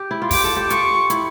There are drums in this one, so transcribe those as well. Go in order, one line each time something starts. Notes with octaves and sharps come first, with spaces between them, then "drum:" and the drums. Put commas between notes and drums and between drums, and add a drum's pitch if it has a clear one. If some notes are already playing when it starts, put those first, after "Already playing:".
Already playing: G4
E4
F4
G4 D6, drum: kick, open hi-hat
A4
G4
F4 C#6, drum: hi-hat
E4, drum: hi-hat